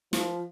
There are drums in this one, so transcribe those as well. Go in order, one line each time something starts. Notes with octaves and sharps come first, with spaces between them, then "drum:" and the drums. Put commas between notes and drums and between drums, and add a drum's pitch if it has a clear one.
F3, drum: snare